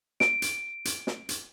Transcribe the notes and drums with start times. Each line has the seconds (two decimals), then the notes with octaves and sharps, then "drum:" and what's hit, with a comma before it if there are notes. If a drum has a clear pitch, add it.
0.20 D7, drum: snare
0.42 drum: hi-hat
0.85 drum: hi-hat
1.07 drum: snare
1.29 drum: hi-hat